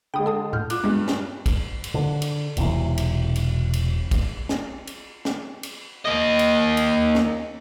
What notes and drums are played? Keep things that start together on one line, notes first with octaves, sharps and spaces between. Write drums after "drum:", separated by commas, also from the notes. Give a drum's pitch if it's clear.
D3 G#3 G5 B5 D#6
A4 A5 D#6
A2 F6 G6
F4 D6 F#6, drum: cymbal
G2 G#3 B3
drum: snare
drum: kick, cymbal
drum: cymbal
D3
drum: cymbal
E1 B1 C3 E3, drum: cymbal
drum: cymbal
drum: cymbal
drum: cymbal
drum: kick, cymbal
drum: snare
drum: cymbal
drum: snare
drum: cymbal
A#3 D#5
drum: cymbal
drum: cymbal
drum: snare